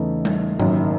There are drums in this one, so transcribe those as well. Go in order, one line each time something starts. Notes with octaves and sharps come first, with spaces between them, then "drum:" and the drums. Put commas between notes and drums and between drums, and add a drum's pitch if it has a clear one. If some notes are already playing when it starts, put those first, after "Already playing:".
Already playing: E2 C#3 E3 A3 D#4
drum: tom G3
F#1 F#2 D#3, drum: tom G#2